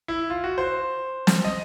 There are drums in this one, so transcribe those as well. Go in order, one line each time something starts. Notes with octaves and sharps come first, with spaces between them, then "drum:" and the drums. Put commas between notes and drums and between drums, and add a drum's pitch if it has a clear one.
E4
F4
F#4
C5
drum: snare
D#5